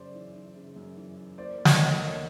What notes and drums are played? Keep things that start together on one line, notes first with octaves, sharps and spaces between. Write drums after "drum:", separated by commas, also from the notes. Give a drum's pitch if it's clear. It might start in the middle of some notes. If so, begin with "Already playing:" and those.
Already playing: F#2 C#3 C5 D5
E3
E3
C#3
F#2
E3
E3
A#3 C5 D5
A#3
C#5 D#5, drum: snare
D2
C#5 D#5
A#3